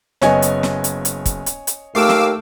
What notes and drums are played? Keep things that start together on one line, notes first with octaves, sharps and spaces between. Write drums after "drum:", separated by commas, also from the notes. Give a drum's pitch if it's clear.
F#1 B3 C#5 D#5 G#5, drum: snare
drum: hi-hat
drum: snare
drum: hi-hat
drum: hi-hat
drum: kick, hi-hat
drum: hi-hat
drum: hi-hat
D#2 A3 F5 D6 E6
drum: snare